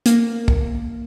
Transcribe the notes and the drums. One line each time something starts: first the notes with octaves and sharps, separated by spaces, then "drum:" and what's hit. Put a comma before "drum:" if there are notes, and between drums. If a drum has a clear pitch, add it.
A#3, drum: hi-hat
drum: kick